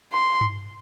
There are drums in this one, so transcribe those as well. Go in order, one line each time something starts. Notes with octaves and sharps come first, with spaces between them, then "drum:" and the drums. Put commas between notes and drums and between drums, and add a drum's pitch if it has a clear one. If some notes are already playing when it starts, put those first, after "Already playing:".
C6
drum: tom G2